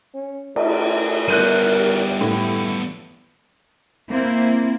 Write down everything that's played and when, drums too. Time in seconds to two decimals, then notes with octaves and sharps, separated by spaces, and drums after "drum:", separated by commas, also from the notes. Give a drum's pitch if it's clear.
0.14 C#4
0.56 A3, drum: cymbal
1.28 G3 B3 A#4 F#6 G6 D#7
1.78 G4
2.21 A2 E4
4.09 A#3 C4 E4